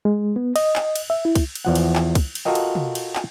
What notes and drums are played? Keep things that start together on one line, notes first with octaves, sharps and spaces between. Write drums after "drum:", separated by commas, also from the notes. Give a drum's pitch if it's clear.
G#3
B3
D#5, drum: cymbal
drum: clap
drum: cymbal
E5
E4
drum: kick, cymbal
drum: cymbal
E2 F3 F#5
drum: cymbal
drum: clap
drum: kick, cymbal
drum: cymbal
F4 F#4 A4 A#4 D#5 G5
drum: cymbal
drum: tom
drum: cymbal
drum: clap